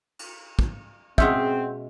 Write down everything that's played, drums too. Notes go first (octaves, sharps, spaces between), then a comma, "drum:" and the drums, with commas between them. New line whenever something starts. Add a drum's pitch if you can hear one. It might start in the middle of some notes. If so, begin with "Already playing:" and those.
drum: cymbal
drum: kick
B2 G#3 C4 C#4 E5 F#5 C6 G6, drum: kick